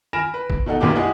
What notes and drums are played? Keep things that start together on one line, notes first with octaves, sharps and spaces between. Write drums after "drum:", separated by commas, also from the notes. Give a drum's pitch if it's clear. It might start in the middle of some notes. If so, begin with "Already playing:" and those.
G#5 B5 F6 A#6 D7 E7
B4
drum: kick G#1
B2 D#4 A4 F#5
F1 B1 F#2 A#3 G4 D6
G#3 E4 G4 G#4 D#5 F#5